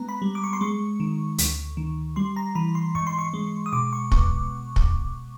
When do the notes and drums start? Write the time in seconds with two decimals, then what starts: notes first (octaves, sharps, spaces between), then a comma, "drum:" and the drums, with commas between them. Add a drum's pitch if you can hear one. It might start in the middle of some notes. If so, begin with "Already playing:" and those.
Already playing: G#3 B3 A#5
0.09 B5
0.22 G3
0.35 D6
0.44 C#6
0.53 C6
0.61 G#3 C#6
1.00 D#3
1.38 D2, drum: hi-hat
1.77 D#3
2.16 G3 C6
2.36 A#5
2.55 E3 B5
2.75 C6
2.95 G#2 C#6
3.07 C6
3.19 C#6
3.34 G#3
3.66 D#6
3.73 B2 D6
3.93 C#6
4.12 B3 C#6, drum: kick
4.76 drum: kick